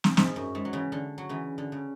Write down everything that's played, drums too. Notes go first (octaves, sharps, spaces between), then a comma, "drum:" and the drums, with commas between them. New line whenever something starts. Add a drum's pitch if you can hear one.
drum: snare
G#2, drum: snare
F#2
G#2
F#3
C#3 E3
D3
F#3
C#3 E3
D3
C#3